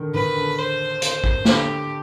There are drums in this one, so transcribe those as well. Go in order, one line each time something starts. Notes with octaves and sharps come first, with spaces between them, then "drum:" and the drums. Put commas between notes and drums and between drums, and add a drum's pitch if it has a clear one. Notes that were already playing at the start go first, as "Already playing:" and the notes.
Already playing: D3 D#3
D#3 B4
D3
C5
C5, drum: hi-hat
drum: kick
D3 G4, drum: snare A#3